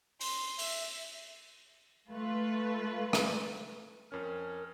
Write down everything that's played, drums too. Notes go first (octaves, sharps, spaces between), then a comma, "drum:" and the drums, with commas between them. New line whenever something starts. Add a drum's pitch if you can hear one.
C6, drum: open hi-hat
E5, drum: open hi-hat
A3 F4 B4
drum: rim click
F2 C#4 A#4